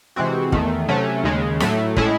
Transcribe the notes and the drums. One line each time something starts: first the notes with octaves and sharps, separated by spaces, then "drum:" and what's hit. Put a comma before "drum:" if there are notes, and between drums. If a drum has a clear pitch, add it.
C3 E3 G#3 C4 F#4
E2 D#3 A3, drum: kick
C3 F#3 A3 C#4
D#2 C#3 G#3
A2 F#3 A3, drum: snare
A2 G#3 C#4 E4 G#4, drum: kick